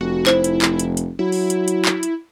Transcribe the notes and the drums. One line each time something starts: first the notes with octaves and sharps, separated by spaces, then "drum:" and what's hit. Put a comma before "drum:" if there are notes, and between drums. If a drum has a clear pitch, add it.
F1 F#4
E4 C5, drum: clap
drum: hi-hat
drum: clap
drum: hi-hat
drum: hi-hat
F#3 E4
drum: open hi-hat
drum: hi-hat
drum: hi-hat
drum: clap
drum: hi-hat